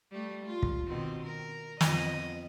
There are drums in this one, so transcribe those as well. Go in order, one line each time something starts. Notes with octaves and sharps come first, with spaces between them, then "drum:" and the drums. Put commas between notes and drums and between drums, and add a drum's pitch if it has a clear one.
G3 A3
F4
drum: kick
B2 D#3 C4
A#4
F2 B3 D#5, drum: snare